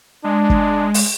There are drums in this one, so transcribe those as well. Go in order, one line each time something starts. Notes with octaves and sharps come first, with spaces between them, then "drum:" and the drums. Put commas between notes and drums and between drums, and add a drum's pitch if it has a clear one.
G#3 D4
drum: kick
drum: open hi-hat